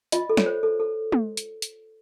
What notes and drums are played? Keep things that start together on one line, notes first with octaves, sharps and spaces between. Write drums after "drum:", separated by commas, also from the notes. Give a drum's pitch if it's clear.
F4 D#5, drum: hi-hat
A4
C#5, drum: snare
C5
A4
A4
drum: tom
drum: hi-hat
drum: hi-hat